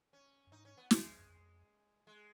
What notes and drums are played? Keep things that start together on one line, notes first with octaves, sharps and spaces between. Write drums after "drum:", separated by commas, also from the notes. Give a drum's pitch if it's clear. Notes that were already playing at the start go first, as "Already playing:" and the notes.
C#4
F#2
G#2 D#4
C#4
B3
G#3, drum: snare
F#2
F2
G#3